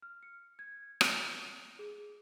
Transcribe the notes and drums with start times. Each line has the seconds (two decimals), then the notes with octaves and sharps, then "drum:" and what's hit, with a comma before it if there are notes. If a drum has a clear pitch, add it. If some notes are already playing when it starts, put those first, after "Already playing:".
0.02 F6
0.23 C#7
0.59 G#6
1.01 C#7, drum: rim click
1.25 F7
1.79 G#4